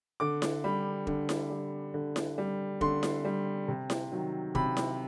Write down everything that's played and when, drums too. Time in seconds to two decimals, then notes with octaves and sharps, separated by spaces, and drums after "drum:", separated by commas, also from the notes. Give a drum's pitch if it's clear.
0.20 D3 D6
0.42 drum: snare E4
0.64 G3 B5
1.07 D3, drum: kick E1
1.29 drum: snare E4
1.50 G3
1.94 D3
2.16 drum: snare E4
2.38 G3
2.81 D3 C6, drum: kick E1
3.03 drum: snare E4
3.25 G3
3.68 C3
3.90 drum: snare E4
4.12 D#3 F#3
4.55 C3 B5, drum: kick E1
4.77 drum: snare E4